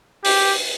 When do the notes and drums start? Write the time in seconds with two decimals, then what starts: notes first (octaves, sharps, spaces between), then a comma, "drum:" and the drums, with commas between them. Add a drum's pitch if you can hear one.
0.25 G4, drum: open hi-hat